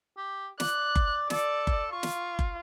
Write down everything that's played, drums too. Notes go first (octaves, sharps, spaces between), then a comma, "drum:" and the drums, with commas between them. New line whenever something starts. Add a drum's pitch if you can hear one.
G4
D5 F#6, drum: snare
drum: kick F#1
A4 D5, drum: snare
drum: kick F#1
F4 C#6
drum: snare
drum: kick F#1